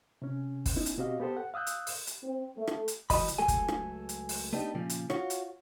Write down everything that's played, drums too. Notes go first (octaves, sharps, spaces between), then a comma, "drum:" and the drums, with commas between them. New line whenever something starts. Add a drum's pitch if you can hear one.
C3 C#4
drum: kick, open hi-hat
B3 C#4 D#4 E4
drum: hi-hat
B2 C4 F#4 G4 D#5 F5
B3 G4 A4 C5
F#5
F5 D#6 E6 F#6 G6
drum: hi-hat
drum: open hi-hat
drum: hi-hat
C4
A3
drum: rim click
drum: hi-hat
C#2 E3 F#3 D#5 B5, drum: kick, open hi-hat
drum: hi-hat
C#2 F#3 A3 G#4 A4 G#5
drum: kick, hi-hat
drum: rim click
drum: hi-hat
drum: open hi-hat
A3 B3 D4 D#4 G4
A#2 C#3 F3
drum: hi-hat
F4 F#4 C#5, drum: rim click
drum: hi-hat